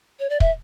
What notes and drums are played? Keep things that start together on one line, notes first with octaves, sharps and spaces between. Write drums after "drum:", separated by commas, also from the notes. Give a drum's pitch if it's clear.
C#5
D5
E5, drum: kick